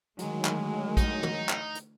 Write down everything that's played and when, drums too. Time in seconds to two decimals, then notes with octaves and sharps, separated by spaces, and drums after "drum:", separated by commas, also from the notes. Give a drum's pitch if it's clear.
0.19 D3 D#3 F#3 G#3 A3, drum: hi-hat
0.45 drum: clap
0.97 D#4, drum: kick, hi-hat
1.23 drum: tom
1.49 drum: clap
1.75 drum: hi-hat